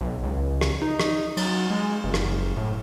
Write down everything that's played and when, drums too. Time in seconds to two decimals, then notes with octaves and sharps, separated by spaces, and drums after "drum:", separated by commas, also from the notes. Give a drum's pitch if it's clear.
0.01 B1
0.23 C#2
0.61 drum: rim click
0.82 D#4
1.00 drum: rim click
1.37 F#3, drum: cymbal
1.70 G#3
2.04 F#1
2.14 drum: rim click
2.57 A2